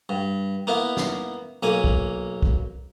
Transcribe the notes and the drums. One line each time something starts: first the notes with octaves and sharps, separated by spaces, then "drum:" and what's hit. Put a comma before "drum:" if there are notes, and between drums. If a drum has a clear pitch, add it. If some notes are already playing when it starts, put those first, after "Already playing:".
G2
A#3 B3 E4
drum: snare
B1 A#3 G#5
drum: kick
drum: kick